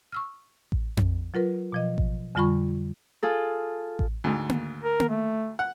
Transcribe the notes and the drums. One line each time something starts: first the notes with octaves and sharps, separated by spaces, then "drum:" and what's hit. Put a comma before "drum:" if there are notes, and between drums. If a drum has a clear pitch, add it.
C#6 E6 F6
drum: kick A1
drum: tom F2
F#3 F4 A#4 B4
B2 F3 D#5
drum: kick A1
F2 D3 G3 F4 B5 C#6
F4 G#4 A4
drum: kick A1
D2 G#2
drum: tom A#3
A#4
drum: tom A#3
A3
F#5